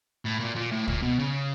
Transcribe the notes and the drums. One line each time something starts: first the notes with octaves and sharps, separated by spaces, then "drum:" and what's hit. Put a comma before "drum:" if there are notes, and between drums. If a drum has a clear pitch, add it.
A2
A#2
A#2
A2
A#2, drum: kick
B2
C#3